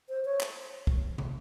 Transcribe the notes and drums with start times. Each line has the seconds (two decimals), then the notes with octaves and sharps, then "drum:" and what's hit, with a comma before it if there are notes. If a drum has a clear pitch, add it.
0.09 C5
0.25 C#5
0.40 drum: clap
0.87 drum: kick
1.18 drum: tom